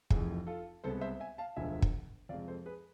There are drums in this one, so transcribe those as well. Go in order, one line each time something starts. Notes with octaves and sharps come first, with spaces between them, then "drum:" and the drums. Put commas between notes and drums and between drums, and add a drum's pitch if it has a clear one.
F1 F2 E3 G#4, drum: kick
F4 A4
C2 C3 G#3 B3 A4 C5
C5 E5
E5 G#5
F5 A5
E1 D2 D3 F3 E5 G#5
drum: kick
F2 C3 G#3 D5 F5
A4 C5
G#4 B4